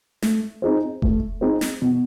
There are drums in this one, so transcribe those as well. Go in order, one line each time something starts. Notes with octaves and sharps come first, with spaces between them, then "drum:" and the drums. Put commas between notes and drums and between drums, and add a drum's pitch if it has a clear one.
A3, drum: snare
C4 D#4 G#4 C5
A3, drum: kick F1
C4 D#4 G#4 C5
drum: snare
B2